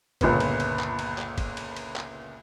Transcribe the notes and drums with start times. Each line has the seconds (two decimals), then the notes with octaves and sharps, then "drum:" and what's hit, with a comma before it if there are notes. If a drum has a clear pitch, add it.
0.21 G1 C#2 A#2 B3, drum: kick, cymbal
0.40 drum: cymbal
0.60 drum: cymbal
0.79 drum: clap
0.99 drum: cymbal
1.18 drum: clap
1.38 drum: kick, cymbal
1.57 drum: cymbal
1.76 drum: cymbal
1.96 drum: clap